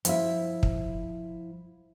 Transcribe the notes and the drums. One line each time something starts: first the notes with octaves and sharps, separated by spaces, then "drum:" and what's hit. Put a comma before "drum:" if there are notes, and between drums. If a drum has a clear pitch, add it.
F3 E4 E5, drum: hi-hat
drum: kick